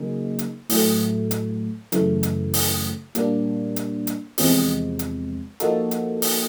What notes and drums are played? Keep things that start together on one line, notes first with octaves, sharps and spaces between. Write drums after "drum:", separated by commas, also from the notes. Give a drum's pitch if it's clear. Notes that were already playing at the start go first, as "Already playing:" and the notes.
Already playing: C#3 F#3 A#3 D#4 G#4
drum: hi-hat
A2 F#3 A3, drum: open hi-hat
drum: hi-hat
F#2 C#3 E3 A3, drum: hi-hat
drum: hi-hat
drum: open hi-hat
A#2 G3 A#3 D4, drum: hi-hat
drum: hi-hat
drum: hi-hat
E2 C3 F3 G#3, drum: open hi-hat
drum: hi-hat
F3 A#3 D#4 F#4 A4, drum: hi-hat
drum: hi-hat
drum: open hi-hat